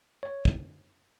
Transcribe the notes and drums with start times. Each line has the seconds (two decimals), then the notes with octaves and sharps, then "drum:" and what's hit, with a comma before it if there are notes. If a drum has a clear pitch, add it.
0.23 C#5
0.45 drum: kick